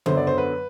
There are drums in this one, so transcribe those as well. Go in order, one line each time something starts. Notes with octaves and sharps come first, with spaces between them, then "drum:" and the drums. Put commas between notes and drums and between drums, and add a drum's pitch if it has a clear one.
F#2 D3 F#3 B3 C5, drum: tom C#3
D5
C5
B4